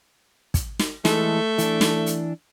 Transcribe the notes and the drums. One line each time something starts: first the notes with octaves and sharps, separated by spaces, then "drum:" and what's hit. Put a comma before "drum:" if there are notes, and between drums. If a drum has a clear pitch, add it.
drum: kick, hi-hat
drum: snare
E3 G#3 A3 A4, drum: snare
E3 D4, drum: hi-hat
drum: snare
drum: hi-hat